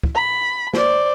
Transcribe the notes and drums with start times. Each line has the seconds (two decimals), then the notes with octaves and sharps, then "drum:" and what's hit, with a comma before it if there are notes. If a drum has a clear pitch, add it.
0.03 drum: kick
0.15 B5
0.74 C5 D5, drum: snare